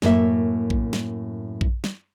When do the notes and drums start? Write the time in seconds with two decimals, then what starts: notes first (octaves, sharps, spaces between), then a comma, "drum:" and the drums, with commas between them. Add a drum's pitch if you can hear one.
0.02 F#2 A2 A#3 E5, drum: snare
0.70 drum: kick A#1
0.93 drum: snare
1.61 drum: kick A#1
1.84 drum: snare